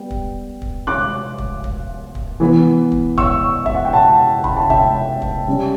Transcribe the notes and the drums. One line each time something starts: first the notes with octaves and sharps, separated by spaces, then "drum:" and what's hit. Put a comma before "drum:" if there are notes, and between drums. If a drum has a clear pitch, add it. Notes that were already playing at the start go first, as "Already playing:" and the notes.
Already playing: G3 B3 G5
drum: kick
drum: kick
D6 F#6
drum: kick
drum: kick
drum: kick
E3 B3
drum: kick
C#6 E6, drum: kick
E5, drum: kick
F#5
G5
F#5 A5
B5, drum: kick
A5
E5 G5, drum: kick
drum: kick
C#3 G3 C#4